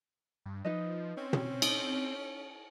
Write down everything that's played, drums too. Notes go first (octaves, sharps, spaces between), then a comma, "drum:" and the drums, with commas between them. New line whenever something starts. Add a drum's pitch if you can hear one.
G2
F3 D#4 B4 D#5
C4 C#4
drum: tom
D#4, drum: cymbal